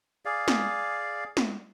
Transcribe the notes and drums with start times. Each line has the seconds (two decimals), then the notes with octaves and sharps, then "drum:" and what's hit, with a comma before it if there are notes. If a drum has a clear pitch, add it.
0.25 G#4 D5 F5
0.48 drum: snare
1.37 drum: snare